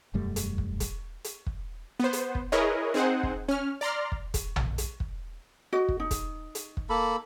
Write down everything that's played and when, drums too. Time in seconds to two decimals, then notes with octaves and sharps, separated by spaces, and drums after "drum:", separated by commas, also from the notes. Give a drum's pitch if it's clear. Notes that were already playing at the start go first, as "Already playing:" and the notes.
0.14 E1 F#2 G3 A3
0.36 drum: hi-hat
0.58 drum: kick
0.80 drum: kick, hi-hat
1.24 drum: hi-hat
1.47 drum: kick
2.00 B3 C5
2.13 drum: hi-hat
2.35 drum: kick
2.52 E4 G#4 A#4 B4 C#5 D#5
2.94 C4 D#4 G#4 C5 F#5
3.23 drum: kick
3.48 C#4 F6
3.81 D5 A#5 C6 F6
4.12 drum: kick
4.34 drum: kick, hi-hat
4.56 drum: tom
4.78 drum: hi-hat
5.00 drum: kick
5.73 F#4 D#5
5.89 drum: kick
6.00 D#4
6.11 drum: kick, hi-hat
6.55 drum: hi-hat
6.77 drum: kick
6.90 A#3 A4 B5